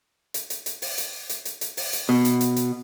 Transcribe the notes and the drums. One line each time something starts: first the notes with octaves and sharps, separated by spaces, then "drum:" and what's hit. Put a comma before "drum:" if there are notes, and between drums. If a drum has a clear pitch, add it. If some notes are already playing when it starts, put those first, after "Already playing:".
drum: hi-hat
drum: hi-hat
drum: hi-hat
drum: open hi-hat
drum: hi-hat
drum: hi-hat
drum: hi-hat
drum: hi-hat
drum: open hi-hat
drum: hi-hat
B2
drum: hi-hat
drum: hi-hat
drum: hi-hat